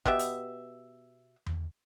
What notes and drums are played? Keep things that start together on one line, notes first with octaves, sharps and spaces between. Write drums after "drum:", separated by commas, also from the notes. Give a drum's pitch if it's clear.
B2 B3 G4 E5, drum: kick
drum: hi-hat
drum: tom E2